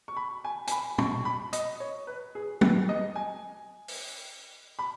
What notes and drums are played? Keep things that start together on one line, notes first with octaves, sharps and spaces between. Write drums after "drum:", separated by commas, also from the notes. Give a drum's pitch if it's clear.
C#6
B5
G#5
G#5, drum: hi-hat
B5
C#6, drum: tom
B5
D#5, drum: hi-hat
C#5
B4
G#4
B4, drum: tom
D#5
G#5
drum: open hi-hat
B5